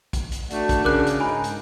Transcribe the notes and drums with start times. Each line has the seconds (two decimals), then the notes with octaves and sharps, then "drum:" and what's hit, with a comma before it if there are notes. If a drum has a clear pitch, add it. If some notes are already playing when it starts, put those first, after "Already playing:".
0.13 drum: kick, hi-hat
0.32 drum: hi-hat
0.51 A3 D4 F#4, drum: hi-hat
0.69 drum: kick, hi-hat
0.84 C#3 A#4 D6 F#6
1.07 drum: hi-hat
1.20 G#2 D#4 G#5 B5
1.44 drum: hi-hat